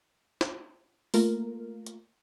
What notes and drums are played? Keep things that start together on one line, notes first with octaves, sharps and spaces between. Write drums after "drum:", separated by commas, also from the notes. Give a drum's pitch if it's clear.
drum: snare
A3 A#3 F4 A#4, drum: open hi-hat
drum: hi-hat